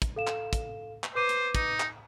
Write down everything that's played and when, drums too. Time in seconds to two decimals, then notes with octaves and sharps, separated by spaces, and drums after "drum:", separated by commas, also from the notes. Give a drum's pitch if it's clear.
0.02 drum: kick, hi-hat
0.16 A4 F5 E7
0.27 drum: clap
0.53 drum: kick, hi-hat
1.04 drum: clap
1.15 B4 C5 D6 D#7
1.29 drum: hi-hat
1.55 D#4, drum: kick, hi-hat
1.80 drum: clap